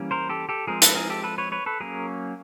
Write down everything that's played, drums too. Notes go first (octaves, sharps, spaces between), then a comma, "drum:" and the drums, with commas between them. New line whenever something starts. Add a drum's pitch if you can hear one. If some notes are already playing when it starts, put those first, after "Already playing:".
Already playing: E3 G3 A#3 C#4
A#4 C5
G4 A4
G4 A4
F3 G#3 C4 G#4 A#4
A4 B4, drum: hi-hat
G#4 A#4
G4 A4
A4 B4
B4 C#5
B4 C#5
A4 B4
F#3 A#3 C#4 G#4 A#4